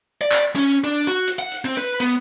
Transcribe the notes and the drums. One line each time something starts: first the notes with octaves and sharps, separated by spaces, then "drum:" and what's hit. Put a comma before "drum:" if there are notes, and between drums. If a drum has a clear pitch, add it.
D5
drum: clap
C#4, drum: hi-hat
D4
F#4
drum: hi-hat
F#5
drum: hi-hat
C4
B4, drum: hi-hat
B3, drum: hi-hat